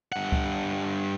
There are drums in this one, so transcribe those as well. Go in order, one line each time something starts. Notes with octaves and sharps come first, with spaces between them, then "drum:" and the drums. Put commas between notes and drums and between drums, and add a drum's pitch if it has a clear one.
G2 F#5
drum: kick C#2